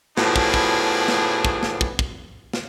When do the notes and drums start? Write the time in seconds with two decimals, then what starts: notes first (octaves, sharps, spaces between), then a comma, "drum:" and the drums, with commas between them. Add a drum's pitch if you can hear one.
0.17 A2 F3 F#3 B3 D4 G#4, drum: snare
0.36 drum: kick
0.54 drum: kick
1.08 drum: snare
1.45 drum: kick
1.63 drum: snare
1.81 drum: kick
1.99 drum: kick
2.53 drum: snare